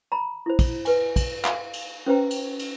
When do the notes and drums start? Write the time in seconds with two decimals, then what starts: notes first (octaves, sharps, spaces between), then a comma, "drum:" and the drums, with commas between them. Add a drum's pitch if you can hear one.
0.12 A#5 B5
0.46 E4 C5
0.59 drum: kick, cymbal
0.85 B4 G#5, drum: cymbal
1.16 drum: kick, cymbal
1.45 F5, drum: clap
1.73 drum: cymbal
2.06 C#4 B4 C5 G5 A#5
2.31 drum: cymbal
2.59 drum: cymbal